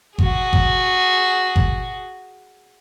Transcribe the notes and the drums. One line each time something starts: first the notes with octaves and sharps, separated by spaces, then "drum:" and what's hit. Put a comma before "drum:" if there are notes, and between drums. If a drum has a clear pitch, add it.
F#4 G#4, drum: kick G1
drum: kick G1
drum: kick G1